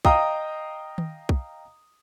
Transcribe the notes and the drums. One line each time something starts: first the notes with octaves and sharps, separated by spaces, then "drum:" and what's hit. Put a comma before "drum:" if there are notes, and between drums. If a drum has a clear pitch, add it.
D#5 F5 G5 A#5 D#6, drum: kick
drum: tom D#3
drum: kick